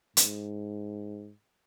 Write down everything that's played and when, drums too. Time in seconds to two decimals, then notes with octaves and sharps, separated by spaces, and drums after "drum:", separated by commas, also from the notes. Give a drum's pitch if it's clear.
0.17 G#2, drum: hi-hat